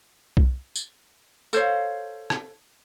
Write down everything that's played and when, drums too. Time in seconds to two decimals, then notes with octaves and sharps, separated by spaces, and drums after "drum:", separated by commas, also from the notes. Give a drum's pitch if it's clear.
0.37 drum: kick B1
0.76 drum: tambourine
1.53 A4 C5 C#5 F5, drum: tambourine
2.30 drum: rim click